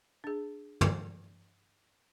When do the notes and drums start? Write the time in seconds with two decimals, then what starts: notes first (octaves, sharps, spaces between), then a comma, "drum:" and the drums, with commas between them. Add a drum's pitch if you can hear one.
0.24 D4 G#4
0.81 drum: tom